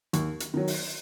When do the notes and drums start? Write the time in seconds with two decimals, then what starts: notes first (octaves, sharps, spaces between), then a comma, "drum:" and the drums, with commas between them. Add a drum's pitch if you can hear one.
0.13 D#2, drum: hi-hat
0.40 drum: hi-hat
0.54 D#3 F#3
0.67 drum: open hi-hat